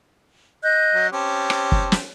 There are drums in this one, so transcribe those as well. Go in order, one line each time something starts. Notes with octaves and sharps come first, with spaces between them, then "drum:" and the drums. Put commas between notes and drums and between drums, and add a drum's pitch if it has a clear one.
D#5 F#6 G6
F#3
C4 C#4 G4 A5
drum: rim click
drum: kick
drum: snare